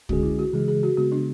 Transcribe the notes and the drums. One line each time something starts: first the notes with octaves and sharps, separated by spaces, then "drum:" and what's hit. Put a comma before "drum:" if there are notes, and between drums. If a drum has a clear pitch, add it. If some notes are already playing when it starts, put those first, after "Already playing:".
D3 G#3 C#4 F#4 G#4, drum: kick
E4
F#4
C#3 E3 G#3 G#4
G#4
F#4
C#3 G#3 B3 F#4
D4